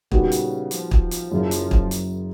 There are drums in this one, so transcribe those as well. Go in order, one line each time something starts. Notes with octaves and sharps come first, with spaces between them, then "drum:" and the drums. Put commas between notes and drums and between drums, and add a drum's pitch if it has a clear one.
A#2 C#3 G3 B3 D#4 F#4, drum: kick
drum: hi-hat
F3, drum: hi-hat
drum: kick
drum: hi-hat
F#1 F#2 C#3 F3
drum: hi-hat
drum: kick
drum: hi-hat